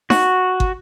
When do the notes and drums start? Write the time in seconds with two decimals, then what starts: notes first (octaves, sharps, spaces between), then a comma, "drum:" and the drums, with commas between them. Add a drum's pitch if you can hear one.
0.10 F#4, drum: snare D#4
0.60 drum: kick